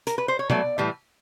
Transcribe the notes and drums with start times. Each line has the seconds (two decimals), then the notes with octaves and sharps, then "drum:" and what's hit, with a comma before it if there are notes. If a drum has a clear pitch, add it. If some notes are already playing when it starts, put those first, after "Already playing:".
0.07 A#4, drum: hi-hat
0.18 B4
0.28 C5
0.39 C#5
0.50 B2 F#3 A3 D5, drum: tom B2
0.78 A2 E3 G3